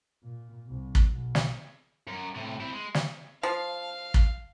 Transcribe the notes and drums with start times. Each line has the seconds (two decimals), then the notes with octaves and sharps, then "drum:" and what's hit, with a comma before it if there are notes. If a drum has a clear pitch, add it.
0.23 A#2
0.67 C2
0.95 drum: kick
1.11 B1
1.35 drum: snare
2.07 F#2
2.35 A2 C3
2.60 C4 E4
2.73 G#3
2.94 drum: snare
3.43 F3 F5
4.14 drum: kick